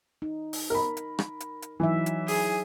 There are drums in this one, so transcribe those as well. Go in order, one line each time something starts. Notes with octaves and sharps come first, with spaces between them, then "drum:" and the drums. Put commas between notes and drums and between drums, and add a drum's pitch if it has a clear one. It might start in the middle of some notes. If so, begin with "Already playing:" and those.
D#4
drum: open hi-hat
A#4 B5
drum: hi-hat
drum: rim click
drum: hi-hat
drum: hi-hat
E3 F#3 D#4 E5
drum: hi-hat
G#4, drum: open hi-hat